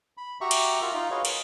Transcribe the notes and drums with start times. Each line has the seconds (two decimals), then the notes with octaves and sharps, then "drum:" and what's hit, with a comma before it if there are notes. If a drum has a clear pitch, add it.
0.17 B5
0.41 F#4 G4 E5 A#5 C#6
0.51 drum: cymbal
0.81 F4 F#4 A#4 E5
0.94 D#4 F4
1.11 F#4 G#4 B4 C#5 D#5 F5
1.25 A#4, drum: cymbal